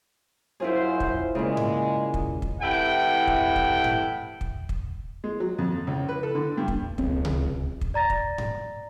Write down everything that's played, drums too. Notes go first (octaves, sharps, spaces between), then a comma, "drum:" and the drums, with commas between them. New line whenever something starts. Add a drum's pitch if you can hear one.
F#2 F#3 E4 F4 G#4 C5
drum: kick
A#2 C#3 G#3
drum: tom G#2
drum: kick
drum: kick
A2 C3 E3 E4 F#5 G5
drum: kick
drum: kick
drum: tom G#2
drum: kick
drum: kick
G#3
F#3
F2
C#2
B4
A4
D3
G2
drum: kick
D1 C#2 C4, drum: kick
drum: tom C3
drum: kick
D5 A#5 A6 A#6
drum: kick
drum: tom G#2